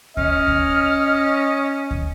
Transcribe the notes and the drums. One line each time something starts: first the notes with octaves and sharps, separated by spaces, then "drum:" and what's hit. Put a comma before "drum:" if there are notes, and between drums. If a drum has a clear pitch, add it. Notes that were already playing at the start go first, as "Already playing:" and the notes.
C#4 D#5 F6, drum: kick D2
drum: kick D2
drum: kick D2